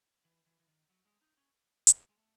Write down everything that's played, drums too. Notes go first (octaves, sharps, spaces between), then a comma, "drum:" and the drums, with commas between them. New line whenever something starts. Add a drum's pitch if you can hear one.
E3
E3
E3
D#3
F#3
G#3
D#4
C#4
drum: hi-hat
G#3
A3